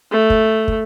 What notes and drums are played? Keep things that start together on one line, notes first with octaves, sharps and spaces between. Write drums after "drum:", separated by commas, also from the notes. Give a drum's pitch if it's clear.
A3
drum: kick
drum: kick